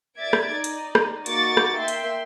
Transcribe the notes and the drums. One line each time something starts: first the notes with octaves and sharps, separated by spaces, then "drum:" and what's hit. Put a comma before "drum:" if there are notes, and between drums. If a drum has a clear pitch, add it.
D5 E5 G#6 A6 D7
drum: rim click
D#4 D5
drum: hi-hat
drum: rim click
A#3 D#4 F#4 C#6 D6 A6, drum: hi-hat
drum: rim click
A#3 E5 G5 C6
drum: hi-hat